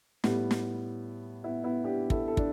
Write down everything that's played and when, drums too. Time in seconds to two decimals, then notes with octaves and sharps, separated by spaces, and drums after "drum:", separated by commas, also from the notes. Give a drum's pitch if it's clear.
0.24 A2 G3 B3, drum: snare
0.51 drum: snare
1.44 B3 E4
1.64 B3 E4
1.84 D4 G4
2.10 E4 A4, drum: kick
2.28 A4
2.37 D4, drum: kick